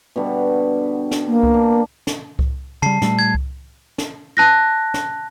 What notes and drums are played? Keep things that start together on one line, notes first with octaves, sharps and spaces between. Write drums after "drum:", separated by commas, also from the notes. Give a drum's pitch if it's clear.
B2 D3 G3
drum: snare
A#3
drum: kick C2
D4
drum: snare
drum: kick C2
C#3 G3 A5 C7
A#2 G3 A3, drum: snare
G#6
drum: kick C2
drum: snare
A5 F#6 A#6
drum: snare